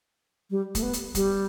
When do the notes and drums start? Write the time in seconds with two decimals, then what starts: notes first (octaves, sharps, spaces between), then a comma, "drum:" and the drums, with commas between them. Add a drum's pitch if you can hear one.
0.50 G3
0.75 A3, drum: kick, hi-hat
0.83 B3
0.93 drum: hi-hat
1.15 G3, drum: kick, hi-hat